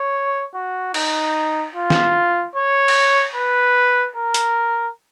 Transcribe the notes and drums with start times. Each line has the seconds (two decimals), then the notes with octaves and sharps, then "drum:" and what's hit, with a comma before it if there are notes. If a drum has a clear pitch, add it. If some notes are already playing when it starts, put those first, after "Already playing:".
Already playing: C#5
0.54 F#4
0.94 D#4, drum: cymbal
1.75 F4
1.90 drum: snare
2.56 C#5
2.88 drum: cymbal
3.35 B4
4.16 A#4
4.34 drum: hi-hat